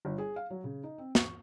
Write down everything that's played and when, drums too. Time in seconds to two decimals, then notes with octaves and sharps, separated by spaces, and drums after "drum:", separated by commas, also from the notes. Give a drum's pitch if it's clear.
0.05 G1
0.18 G#4
0.36 F5
0.50 F#3
0.64 C#3
0.84 D#4
0.98 C4
1.15 C#6, drum: snare